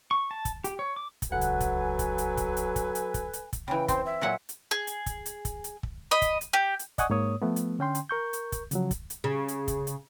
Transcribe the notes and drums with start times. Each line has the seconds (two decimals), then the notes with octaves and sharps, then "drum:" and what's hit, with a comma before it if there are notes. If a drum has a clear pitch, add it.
0.11 C#6
0.31 A5
0.45 drum: kick, hi-hat
0.64 G4, drum: hi-hat
0.79 C#5
0.96 D6
1.22 drum: kick, hi-hat
1.32 D#1 C#2 F#3 A4 B4 F#5 G#5
1.41 drum: hi-hat
1.60 drum: kick, hi-hat
1.99 drum: kick, hi-hat
2.18 drum: hi-hat
2.37 drum: kick, hi-hat
2.57 drum: hi-hat
2.76 drum: kick, hi-hat
2.95 drum: hi-hat
3.14 drum: kick, hi-hat
3.33 drum: hi-hat
3.53 drum: kick, hi-hat
3.68 C#3 E3 G5
3.88 C4 C5, drum: kick, hi-hat
4.06 E5
4.21 A#2 F#3 F#5
4.49 drum: hi-hat
4.71 G#4
4.87 drum: hi-hat
5.06 drum: kick, hi-hat
5.26 drum: hi-hat
5.45 drum: kick, hi-hat
5.64 drum: hi-hat
5.83 drum: kick
6.11 D#5 B5
6.22 drum: kick, hi-hat
6.41 drum: hi-hat
6.53 G4
6.79 drum: hi-hat
6.98 D5 D#5 F#5 G#5 C#6 D#6, drum: kick, hi-hat
7.10 G#2 A#3 C#5 D#6
7.42 F3 A3 B3
7.56 drum: hi-hat
7.79 D3 C#4 G5 C6
7.95 drum: hi-hat
8.09 A#4 C#6 G6
8.33 drum: hi-hat
8.52 drum: kick, hi-hat
8.71 C#3 F3 F#3, drum: hi-hat
8.91 drum: kick, hi-hat
9.10 drum: hi-hat
9.24 C#3
9.48 drum: hi-hat
9.68 drum: kick, hi-hat
9.87 drum: hi-hat